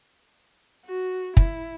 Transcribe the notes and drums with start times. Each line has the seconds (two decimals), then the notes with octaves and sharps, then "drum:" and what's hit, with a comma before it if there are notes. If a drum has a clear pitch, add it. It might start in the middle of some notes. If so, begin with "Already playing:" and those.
0.86 F#4
1.37 E4, drum: kick